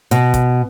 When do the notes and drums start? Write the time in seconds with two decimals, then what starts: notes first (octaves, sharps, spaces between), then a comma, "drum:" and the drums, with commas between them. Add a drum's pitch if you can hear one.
0.11 B2, drum: hi-hat
0.34 drum: kick, hi-hat